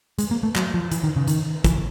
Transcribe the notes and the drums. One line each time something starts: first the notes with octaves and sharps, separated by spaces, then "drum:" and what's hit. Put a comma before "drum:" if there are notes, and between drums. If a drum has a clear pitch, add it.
G#3, drum: hi-hat
A#3
A3
F#3, drum: clap
F3
E3, drum: hi-hat
D#3
C#3
D#3, drum: hi-hat
E3, drum: kick, hi-hat